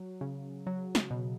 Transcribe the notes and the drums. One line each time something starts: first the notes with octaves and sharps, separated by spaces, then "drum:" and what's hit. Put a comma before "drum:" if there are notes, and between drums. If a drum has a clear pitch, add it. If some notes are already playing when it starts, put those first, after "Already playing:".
Already playing: F#3
C#3
F#3
drum: snare
B2